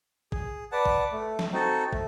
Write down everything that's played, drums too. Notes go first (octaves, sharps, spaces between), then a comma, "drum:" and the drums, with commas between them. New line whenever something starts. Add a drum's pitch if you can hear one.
G#4, drum: kick
B4 D5 F#5 A5
drum: kick
A3
drum: snare
C4 D#4 F#4 A4
A3, drum: kick